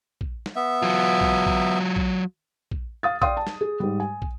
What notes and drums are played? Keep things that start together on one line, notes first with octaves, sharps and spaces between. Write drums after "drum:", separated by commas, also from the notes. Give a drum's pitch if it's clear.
drum: kick
drum: snare
B3 E5
F#3 F4
drum: kick
drum: kick
drum: kick
drum: kick
F5 D#6 A6
D5 F5 G5 C6 D#6, drum: kick
A5
drum: snare
G#4
G#2 G3
G#5
drum: kick